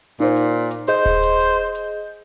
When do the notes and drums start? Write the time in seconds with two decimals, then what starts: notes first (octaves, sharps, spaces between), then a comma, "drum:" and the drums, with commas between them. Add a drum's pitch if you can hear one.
0.20 A#2 D#4 C5
0.36 drum: hi-hat
0.71 drum: hi-hat
0.88 G#4 C5 D#5 G6, drum: hi-hat
1.05 drum: kick D#1, open hi-hat
1.23 drum: hi-hat
1.40 drum: hi-hat
1.75 drum: hi-hat